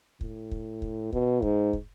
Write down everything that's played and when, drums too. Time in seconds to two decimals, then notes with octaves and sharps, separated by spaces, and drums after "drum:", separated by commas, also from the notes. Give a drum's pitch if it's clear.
0.21 A2, drum: kick
0.51 drum: kick
0.82 drum: kick
1.12 B2, drum: kick
1.42 G#2, drum: kick
1.73 drum: kick